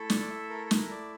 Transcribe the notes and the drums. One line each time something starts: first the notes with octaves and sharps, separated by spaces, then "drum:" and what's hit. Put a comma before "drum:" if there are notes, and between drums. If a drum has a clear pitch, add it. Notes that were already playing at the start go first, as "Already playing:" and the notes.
Already playing: A3 E4 A4
D5, drum: snare
D5
E5
A#4
A4
A#4, drum: snare
D5